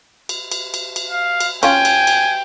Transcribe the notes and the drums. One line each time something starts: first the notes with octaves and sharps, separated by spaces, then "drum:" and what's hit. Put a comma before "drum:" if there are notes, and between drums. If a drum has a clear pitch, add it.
drum: cymbal
drum: cymbal
drum: cymbal
drum: cymbal
F5
drum: cymbal
C#4 F4 G5 G#5, drum: cymbal
drum: cymbal
drum: cymbal